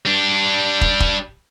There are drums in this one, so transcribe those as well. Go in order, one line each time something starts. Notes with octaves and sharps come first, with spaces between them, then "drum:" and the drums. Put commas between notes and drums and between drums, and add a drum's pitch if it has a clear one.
G3 D4
drum: kick
drum: kick